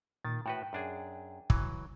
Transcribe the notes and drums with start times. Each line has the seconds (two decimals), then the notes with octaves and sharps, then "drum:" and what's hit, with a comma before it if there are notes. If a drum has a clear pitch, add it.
0.25 A#2 D#3 A6
0.46 A2 F#4 B4 G5
0.73 F#2 D4 G#4
1.50 E3 F#3, drum: kick